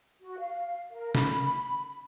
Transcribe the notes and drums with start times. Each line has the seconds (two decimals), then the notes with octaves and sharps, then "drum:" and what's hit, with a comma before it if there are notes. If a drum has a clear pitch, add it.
0.21 F#4
0.39 F5
0.92 A#4
1.15 B5, drum: snare